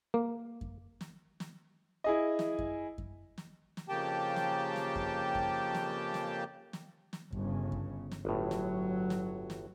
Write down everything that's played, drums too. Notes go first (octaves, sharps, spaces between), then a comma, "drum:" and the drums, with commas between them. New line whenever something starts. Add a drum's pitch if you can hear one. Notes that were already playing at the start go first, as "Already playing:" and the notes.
A#3
drum: kick F#2
drum: snare
drum: snare
E4 G#4 D#5
drum: snare
drum: kick F#2
drum: kick F#2
drum: snare
drum: snare
F2 C#3 A#3 G4 G5 A5
drum: snare
drum: snare
drum: kick F#2
drum: kick F#2
drum: snare
drum: snare
drum: snare
drum: snare
G1 C#3, drum: kick F#2
drum: kick F#2
drum: snare
G1 A2 F#3
drum: snare
drum: snare
drum: snare